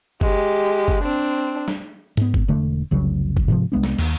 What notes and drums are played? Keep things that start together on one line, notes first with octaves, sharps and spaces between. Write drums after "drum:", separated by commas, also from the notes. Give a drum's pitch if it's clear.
G#3 G4, drum: kick F#1
drum: kick F#1
C4 D4
drum: snare
G#2 B3, drum: hi-hat
drum: kick F#1
E1 D3 A3
F1 C2 C#3 F#3
drum: kick F#1
G#2 C3 E3 F3
C2 G#3 B3 D4
drum: snare
D#2, drum: cymbal